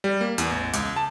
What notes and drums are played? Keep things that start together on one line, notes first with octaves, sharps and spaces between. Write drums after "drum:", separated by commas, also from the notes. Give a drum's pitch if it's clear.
G3
A#3
E2, drum: hi-hat
A1
C#2, drum: hi-hat
A5